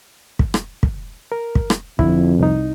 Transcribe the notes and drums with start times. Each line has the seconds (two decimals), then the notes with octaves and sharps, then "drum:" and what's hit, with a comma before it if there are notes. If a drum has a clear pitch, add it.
0.39 drum: kick
0.54 drum: rim click
0.83 drum: kick
1.32 A#4
1.55 drum: kick
1.70 drum: rim click
1.99 F2 D3 E4, drum: kick
2.39 C2 D#4